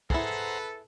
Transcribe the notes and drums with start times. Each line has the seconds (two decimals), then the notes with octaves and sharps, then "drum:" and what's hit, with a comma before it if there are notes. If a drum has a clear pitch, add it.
0.10 E4 G#4 A4 B4 C5 F#5 A#5, drum: kick